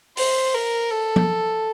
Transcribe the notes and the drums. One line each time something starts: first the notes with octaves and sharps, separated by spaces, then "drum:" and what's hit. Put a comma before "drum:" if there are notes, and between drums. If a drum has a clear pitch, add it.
C5, drum: open hi-hat
A#4
A4
drum: tom F3